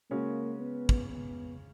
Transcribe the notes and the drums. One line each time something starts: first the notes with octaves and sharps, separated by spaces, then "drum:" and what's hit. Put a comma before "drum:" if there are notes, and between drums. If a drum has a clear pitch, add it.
C#3 G#3 A#3 C#4 F#4
B3
drum: kick
B3